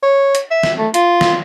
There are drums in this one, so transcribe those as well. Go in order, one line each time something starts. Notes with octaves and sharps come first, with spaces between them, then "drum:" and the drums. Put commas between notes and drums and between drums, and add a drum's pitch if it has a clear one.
C#5
drum: hi-hat
E5
drum: snare
A3
F4, drum: hi-hat
drum: snare